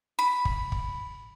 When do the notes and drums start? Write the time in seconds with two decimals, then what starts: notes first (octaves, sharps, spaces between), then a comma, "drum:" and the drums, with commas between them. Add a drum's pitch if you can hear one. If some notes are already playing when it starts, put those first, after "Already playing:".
0.19 B5
0.45 drum: kick
0.72 drum: kick